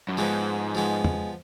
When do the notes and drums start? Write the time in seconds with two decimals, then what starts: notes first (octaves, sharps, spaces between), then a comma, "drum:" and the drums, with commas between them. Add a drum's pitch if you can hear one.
0.09 F#2
0.17 G#2 F3 G#3 B3
0.75 F3 G#3 B3
1.04 drum: tom E2